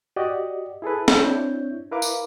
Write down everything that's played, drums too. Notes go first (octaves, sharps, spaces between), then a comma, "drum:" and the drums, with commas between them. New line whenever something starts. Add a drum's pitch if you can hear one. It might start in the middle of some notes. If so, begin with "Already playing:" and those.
F#4 G4 D5 D#5
E4 G#4 A4 B4
drum: snare
C4 D4 E4 C#5 G6
E4 A#4 B4 F5 D6
drum: tambourine